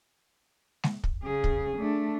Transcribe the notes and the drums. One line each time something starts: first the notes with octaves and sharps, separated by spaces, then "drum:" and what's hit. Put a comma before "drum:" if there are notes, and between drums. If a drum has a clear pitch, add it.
drum: snare
drum: kick
C#3 G#4
drum: kick
A3 D4